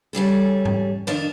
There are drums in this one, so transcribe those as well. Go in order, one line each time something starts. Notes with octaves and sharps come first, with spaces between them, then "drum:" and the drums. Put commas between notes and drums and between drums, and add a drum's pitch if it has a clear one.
C#3 G3 G#4 A4
drum: tom G#2
F2 D#3 D4 D#5 F5 A5